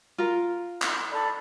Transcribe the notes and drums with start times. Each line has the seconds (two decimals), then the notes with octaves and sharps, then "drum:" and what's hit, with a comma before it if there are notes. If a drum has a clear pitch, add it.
0.18 F4 A#4
0.82 drum: clap
1.11 A4 D5 B5